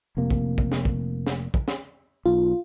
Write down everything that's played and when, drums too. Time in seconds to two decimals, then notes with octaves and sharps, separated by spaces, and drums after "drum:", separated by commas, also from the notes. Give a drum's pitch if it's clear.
0.17 F1 C3 A#3
0.30 drum: kick
0.58 drum: kick
0.72 drum: snare
0.85 drum: kick
1.26 drum: snare
1.54 drum: kick
1.68 drum: snare
2.26 B1 F4